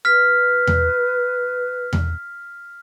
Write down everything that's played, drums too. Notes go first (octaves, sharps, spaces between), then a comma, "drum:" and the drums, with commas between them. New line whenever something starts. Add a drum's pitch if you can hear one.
B4 F6 B6
drum: tom E2
drum: tom E2